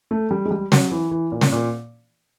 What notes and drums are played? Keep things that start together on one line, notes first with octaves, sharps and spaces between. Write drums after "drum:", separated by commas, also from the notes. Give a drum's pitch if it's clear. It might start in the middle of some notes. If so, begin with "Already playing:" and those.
A3
G3
G#3
G3
F#3, drum: snare
E3
E3
A#2
drum: snare
A#2